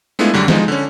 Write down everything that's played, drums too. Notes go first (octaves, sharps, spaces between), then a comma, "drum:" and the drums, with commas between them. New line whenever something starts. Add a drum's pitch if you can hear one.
G#3 A3 B3 D4 E4 F4
F#2 D3 G3
F3 G#3 D#4, drum: snare
D3 C#4